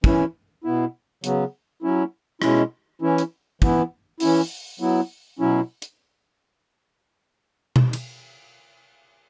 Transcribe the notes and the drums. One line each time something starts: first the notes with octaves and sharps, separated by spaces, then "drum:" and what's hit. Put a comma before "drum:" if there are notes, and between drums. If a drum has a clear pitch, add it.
E3 C#4 E4, drum: kick
B2 B3 E4
C#3 F#3 B3, drum: hi-hat
F#3 C#4 E4
B2 G#3 C#4 E4, drum: rim click
E3 C#4 E4
drum: hi-hat
E3 B3 E4, drum: kick
E3 C#4 E4, drum: open hi-hat
F#3 B3 E4
B2 F#3 C#4 E4
drum: hi-hat
drum: tom B2
drum: cymbal